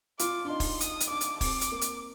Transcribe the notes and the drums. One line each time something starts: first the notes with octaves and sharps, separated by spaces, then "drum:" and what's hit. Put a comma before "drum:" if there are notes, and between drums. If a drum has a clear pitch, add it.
F4 D6, drum: hi-hat
D4
D#4 C6
drum: kick, open hi-hat
D#6, drum: hi-hat
drum: hi-hat
D4 D6
drum: hi-hat
C4 D6, drum: kick, open hi-hat
drum: hi-hat
A#3
drum: hi-hat